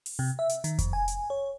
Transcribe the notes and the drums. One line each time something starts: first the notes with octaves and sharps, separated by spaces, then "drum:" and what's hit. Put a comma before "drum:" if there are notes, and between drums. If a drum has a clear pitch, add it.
drum: open hi-hat
C3
E5
drum: hi-hat
D#3, drum: hi-hat
F2, drum: kick F1, hi-hat
G#5
drum: hi-hat
C#5